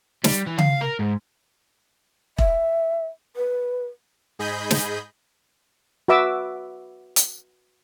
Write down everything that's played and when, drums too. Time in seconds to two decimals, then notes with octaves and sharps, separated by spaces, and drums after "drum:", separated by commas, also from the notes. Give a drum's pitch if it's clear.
0.24 G3, drum: snare
0.47 E3
0.58 F5, drum: tom C#3
0.81 A#4
0.99 G#2
2.38 E5, drum: kick E1
3.36 B4
4.39 G#2 G#4 D#5 B5 G6
4.71 drum: snare
6.08 F#4 B4 E5 D6 E6
7.16 drum: hi-hat